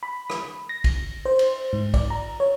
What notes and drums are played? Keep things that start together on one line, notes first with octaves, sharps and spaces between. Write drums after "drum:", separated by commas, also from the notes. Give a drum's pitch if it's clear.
B5
drum: rim click
A#6
drum: kick, cymbal
C5
drum: cymbal
G#2
D5, drum: kick, cymbal
A#5
C#5